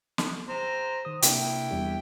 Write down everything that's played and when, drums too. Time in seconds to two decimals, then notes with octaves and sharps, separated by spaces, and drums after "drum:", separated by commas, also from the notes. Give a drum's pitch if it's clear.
0.18 drum: snare
0.49 C5 A#5
1.05 D#3 C5 D#6
1.23 C3 A#3 D4 E4 G5, drum: hi-hat
1.71 E2 G3 G4